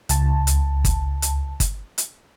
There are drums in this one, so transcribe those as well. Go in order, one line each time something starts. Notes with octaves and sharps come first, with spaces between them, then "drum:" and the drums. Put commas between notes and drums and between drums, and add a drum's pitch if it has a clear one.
C#2 A5, drum: hi-hat
drum: hi-hat
drum: kick G1, hi-hat
drum: hi-hat
drum: kick G1, hi-hat
drum: hi-hat